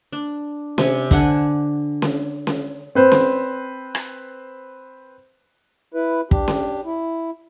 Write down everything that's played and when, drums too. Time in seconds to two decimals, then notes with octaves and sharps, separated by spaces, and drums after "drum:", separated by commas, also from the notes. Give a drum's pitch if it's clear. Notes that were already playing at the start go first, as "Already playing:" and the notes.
0.13 D4
0.78 C3 G#5, drum: snare C#4
1.11 D3 D4 F#5 G#5, drum: kick
2.02 drum: snare C#4
2.47 drum: snare C#4
2.95 C4 B4 C5
3.12 drum: snare C#4
3.95 drum: rim click
5.94 E4 B4
6.31 D4 G4, drum: kick
6.48 drum: snare C#4
6.85 E4